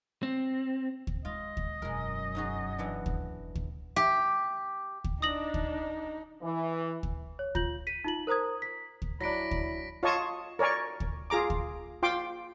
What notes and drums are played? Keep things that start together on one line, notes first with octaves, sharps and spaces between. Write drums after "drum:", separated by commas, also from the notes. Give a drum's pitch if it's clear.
C4
drum: kick D2
G#3 F4 D#5
drum: kick D2
E1 F#2 G#3 A#4
D#4 F#4 G#4
E3 B3 D4
drum: kick D2
drum: kick D2
G4
drum: kick D2
D4 D#4 D#6 A#6 F#7
drum: kick D2
E3
drum: kick D2
C#5
F4 G6 F#7, drum: kick D2
B6 D#7
D#4 F4 F#7
A#4 C5 A#5 D#6 G#6
B6
drum: kick D2
F#3 D4 E4 B5 A#6 B6 D7
drum: kick D2
F4 C#5 D#5 A5 C#6 D#6
A#4 C#5 D5 G#5 C#6
drum: kick D2
F4 G#4 A#5 D6
drum: kick D2
F4 G5 C6 D6